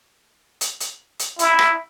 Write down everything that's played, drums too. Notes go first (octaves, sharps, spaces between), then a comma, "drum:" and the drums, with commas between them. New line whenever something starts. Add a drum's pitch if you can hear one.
drum: hi-hat
drum: hi-hat
drum: hi-hat
E4, drum: hi-hat
drum: rim click